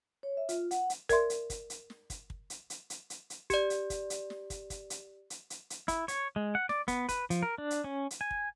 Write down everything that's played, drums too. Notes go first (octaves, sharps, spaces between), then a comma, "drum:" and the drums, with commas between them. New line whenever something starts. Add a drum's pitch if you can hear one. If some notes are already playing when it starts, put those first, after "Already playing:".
C#5
E5
F4, drum: hi-hat
F#5, drum: hi-hat
drum: hi-hat
A#4 D5 E5 C6, drum: kick, hi-hat
drum: hi-hat
drum: kick, hi-hat
drum: hi-hat
drum: snare
drum: kick, hi-hat
drum: kick
drum: hi-hat
drum: hi-hat
drum: hi-hat
drum: hi-hat
drum: hi-hat
G4 D5, drum: kick, hi-hat
drum: hi-hat
drum: kick, hi-hat
drum: hi-hat
drum: snare
drum: kick, hi-hat
drum: kick, hi-hat
drum: hi-hat
drum: hi-hat
drum: hi-hat
drum: hi-hat
E4, drum: kick, hi-hat
C#5, drum: hi-hat
G#3
F#5
D5, drum: snare
B3, drum: kick, hi-hat
B4, drum: kick, hi-hat
F3, drum: hi-hat
A#4
D4
drum: hi-hat
C#4
drum: hi-hat
G#5
drum: kick